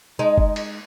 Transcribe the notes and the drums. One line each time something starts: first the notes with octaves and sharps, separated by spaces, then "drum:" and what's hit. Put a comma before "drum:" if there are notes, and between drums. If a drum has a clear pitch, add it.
G#3 D#4
drum: kick F#1
drum: cymbal